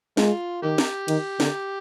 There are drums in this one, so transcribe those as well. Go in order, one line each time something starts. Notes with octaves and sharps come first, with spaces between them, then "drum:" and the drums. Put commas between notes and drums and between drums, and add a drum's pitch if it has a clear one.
G#3 F4, drum: snare
D#3 A#3 G4
drum: snare
D#3, drum: cymbal
D3, drum: snare